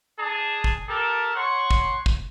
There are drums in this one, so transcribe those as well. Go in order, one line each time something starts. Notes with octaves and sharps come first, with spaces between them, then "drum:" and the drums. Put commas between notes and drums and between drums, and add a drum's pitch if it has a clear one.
D4 G#4 A5
drum: kick
G4 A4 A#4 A5
C#5 F#5 C6 C#6
drum: kick
drum: kick